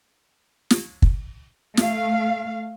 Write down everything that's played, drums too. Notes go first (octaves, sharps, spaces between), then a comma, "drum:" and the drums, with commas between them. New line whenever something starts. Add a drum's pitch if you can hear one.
drum: snare
drum: kick
A3 F5, drum: snare